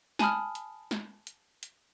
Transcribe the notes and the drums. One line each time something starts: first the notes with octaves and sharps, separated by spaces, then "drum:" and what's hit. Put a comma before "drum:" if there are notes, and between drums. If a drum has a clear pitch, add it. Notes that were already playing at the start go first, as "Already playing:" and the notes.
G#5 A5 B5 D#6 F6, drum: snare
drum: hi-hat
drum: snare
drum: hi-hat
drum: hi-hat